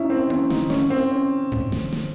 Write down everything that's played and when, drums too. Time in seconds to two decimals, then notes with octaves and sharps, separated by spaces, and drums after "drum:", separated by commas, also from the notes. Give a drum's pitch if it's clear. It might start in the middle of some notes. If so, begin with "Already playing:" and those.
Already playing: C#4 D#4 E4
0.10 C4
0.30 C#4, drum: tom A#3
0.50 D#4, drum: snare
0.70 C#4, drum: snare
0.90 C4
1.11 C#4
1.52 drum: tom G2
1.72 drum: snare
1.92 drum: snare